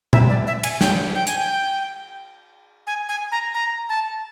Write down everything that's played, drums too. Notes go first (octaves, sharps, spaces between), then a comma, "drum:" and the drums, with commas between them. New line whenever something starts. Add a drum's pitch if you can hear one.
E5, drum: tom A#2
D5
E5
G#5, drum: cymbal
G5, drum: snare
G5
G#5, drum: hi-hat
G5
G#5
G#5
A#5
A#5
A5